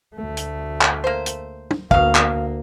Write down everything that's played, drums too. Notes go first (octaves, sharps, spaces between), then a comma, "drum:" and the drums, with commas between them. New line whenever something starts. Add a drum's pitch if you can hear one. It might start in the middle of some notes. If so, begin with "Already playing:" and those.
D2 A3
drum: hi-hat
drum: clap
A#3 C5
drum: hi-hat
drum: tom
D2 B2 A#3 F5, drum: kick
drum: clap